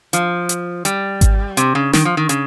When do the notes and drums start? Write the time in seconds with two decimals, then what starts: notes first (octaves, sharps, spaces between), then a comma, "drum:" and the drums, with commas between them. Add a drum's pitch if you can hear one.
0.13 F3, drum: hi-hat
0.49 drum: hi-hat
0.85 G3, drum: hi-hat
1.21 drum: kick G#1, hi-hat
1.57 C3, drum: hi-hat
1.75 C#3
1.93 D#3, drum: snare
2.05 F3
2.17 D#3
2.29 C#3, drum: hi-hat